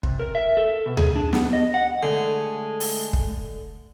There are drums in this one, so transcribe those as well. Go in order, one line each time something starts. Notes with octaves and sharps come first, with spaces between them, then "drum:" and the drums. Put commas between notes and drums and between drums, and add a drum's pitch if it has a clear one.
C3, drum: kick
A#4
E5
A4
B2
G#4, drum: tom D2
D4
B3, drum: snare
D#5
F#5
D3 G#3 A3 G#4
drum: open hi-hat
drum: kick